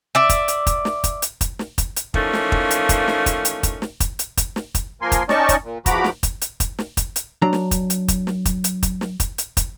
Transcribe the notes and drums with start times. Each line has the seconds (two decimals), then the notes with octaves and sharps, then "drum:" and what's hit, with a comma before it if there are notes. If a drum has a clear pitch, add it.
0.15 D5 E5
0.29 drum: kick, hi-hat
0.48 drum: hi-hat
0.67 drum: kick, hi-hat
0.85 drum: snare
1.04 drum: kick, hi-hat
1.22 drum: hi-hat
1.41 drum: kick, hi-hat
1.59 drum: snare
1.78 drum: kick, hi-hat
1.96 drum: hi-hat
2.14 E3 F3 A3 A#3 C#4 D#4, drum: kick
2.33 drum: snare
2.52 drum: kick
2.71 drum: hi-hat
2.89 drum: kick, hi-hat
3.08 drum: snare
3.26 drum: kick, hi-hat
3.45 drum: hi-hat
3.63 drum: kick, hi-hat
3.82 drum: snare
4.00 drum: kick, hi-hat
4.19 drum: hi-hat
4.37 drum: kick, hi-hat
4.56 drum: snare
4.75 drum: kick, hi-hat
5.02 F3 A#3 A#4 G#5 C6
5.12 drum: kick, hi-hat
5.29 C#4 D#4 D5 D#5 A5 C#6, drum: snare
5.49 drum: kick, hi-hat
5.63 A#2
5.86 E2 F3 F#4 A#5 B5 D6, drum: kick, hi-hat
6.04 drum: snare
6.23 drum: kick, hi-hat
6.41 drum: hi-hat
6.60 drum: kick, hi-hat
6.79 drum: snare
6.97 drum: kick, hi-hat
7.16 drum: hi-hat
7.42 F#3 D4 A#5
7.53 drum: snare
7.71 drum: kick, hi-hat
7.90 drum: hi-hat
8.08 drum: kick, hi-hat
8.27 drum: snare
8.45 drum: kick, hi-hat
8.64 drum: hi-hat
8.83 drum: kick, hi-hat
9.01 drum: snare
9.20 drum: kick, hi-hat
9.38 drum: hi-hat
9.57 drum: kick, hi-hat